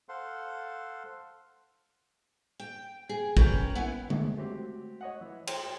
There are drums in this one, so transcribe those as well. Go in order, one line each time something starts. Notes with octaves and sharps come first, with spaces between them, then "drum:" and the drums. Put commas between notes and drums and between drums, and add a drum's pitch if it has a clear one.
A4 C5 F5 F#5 C6
G5
G#4
C#4 A#4 B4 G5, drum: kick
B3 E4 F#5 G#5
G#3 A3, drum: tom
F#3 C4 G4
C#5 D#5 F#5
E3
G5 C6, drum: cymbal